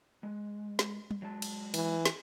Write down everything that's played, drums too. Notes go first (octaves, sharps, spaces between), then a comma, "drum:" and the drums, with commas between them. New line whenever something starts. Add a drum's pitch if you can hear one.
G#3
drum: snare
drum: tom G3
F#3 G#3 A5
drum: cymbal
E3, drum: cymbal
drum: snare